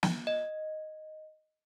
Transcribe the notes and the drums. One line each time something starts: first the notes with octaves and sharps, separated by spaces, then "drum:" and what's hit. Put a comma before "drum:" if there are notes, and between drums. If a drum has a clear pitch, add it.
drum: snare
D#5